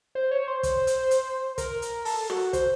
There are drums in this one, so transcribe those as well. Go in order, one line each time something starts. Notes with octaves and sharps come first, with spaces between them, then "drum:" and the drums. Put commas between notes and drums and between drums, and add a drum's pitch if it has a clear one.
C5
C#5
C5
drum: kick, hi-hat
drum: hi-hat
drum: hi-hat
A#4, drum: kick, hi-hat
drum: hi-hat
A4, drum: open hi-hat
F#4, drum: rim click
C5, drum: kick, hi-hat